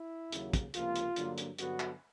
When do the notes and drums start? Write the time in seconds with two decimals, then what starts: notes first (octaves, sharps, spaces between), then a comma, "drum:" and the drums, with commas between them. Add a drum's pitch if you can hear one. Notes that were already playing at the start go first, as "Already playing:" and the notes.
Already playing: E4
0.32 D#2 C#3 F#3 A#3, drum: hi-hat
0.53 drum: kick, hi-hat
0.74 C#2 C3 F3 A#3 F4, drum: hi-hat
0.96 drum: hi-hat
1.16 G2 D3 F#3 A#3, drum: hi-hat
1.38 drum: hi-hat
1.58 G2 D3 F#3 B3 F#4, drum: hi-hat
1.80 drum: clap